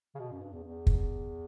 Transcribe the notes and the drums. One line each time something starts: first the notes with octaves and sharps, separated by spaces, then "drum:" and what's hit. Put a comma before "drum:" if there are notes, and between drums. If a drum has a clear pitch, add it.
C#3
B2
F#2
G2
E2
E2
drum: kick